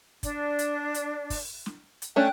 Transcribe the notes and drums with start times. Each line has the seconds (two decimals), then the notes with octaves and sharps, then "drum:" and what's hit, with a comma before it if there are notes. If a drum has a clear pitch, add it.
0.23 D4, drum: kick, hi-hat
0.59 drum: hi-hat
0.94 drum: hi-hat
1.30 drum: kick, open hi-hat
1.66 drum: snare
2.02 drum: hi-hat
2.16 A3 C#4 D4 G5 F#6